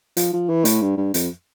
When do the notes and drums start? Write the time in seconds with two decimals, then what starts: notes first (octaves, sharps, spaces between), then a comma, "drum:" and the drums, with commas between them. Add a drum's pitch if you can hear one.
0.17 F3, drum: hi-hat
0.33 F3
0.49 E3
0.65 A2, drum: hi-hat
0.82 G2
0.97 G2
1.14 F2, drum: hi-hat